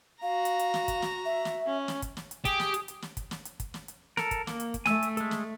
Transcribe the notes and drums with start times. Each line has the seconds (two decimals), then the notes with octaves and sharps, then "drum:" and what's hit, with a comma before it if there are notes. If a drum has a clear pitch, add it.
0.22 F#4 F5 A#5
0.45 drum: hi-hat
0.59 drum: hi-hat
0.74 drum: snare
0.88 drum: kick, hi-hat
1.02 drum: snare
1.25 E5
1.45 drum: snare
1.67 C#4
1.88 drum: snare
2.02 drum: kick, hi-hat
2.17 drum: snare
2.31 drum: hi-hat
2.45 G4 G#4 D#6, drum: kick, hi-hat
2.60 drum: snare
2.74 drum: hi-hat
2.88 drum: hi-hat
3.02 drum: snare
3.17 drum: kick, hi-hat
3.31 drum: snare
3.45 drum: hi-hat
3.60 drum: kick, hi-hat
3.74 drum: snare
3.88 drum: hi-hat
4.17 A4 A#4, drum: snare
4.31 drum: kick, hi-hat
4.47 A#3, drum: snare
4.60 drum: hi-hat
4.74 drum: kick, hi-hat
4.86 A3 G#5 E6, drum: snare
5.03 drum: hi-hat
5.17 G#3 A4, drum: hi-hat
5.31 drum: snare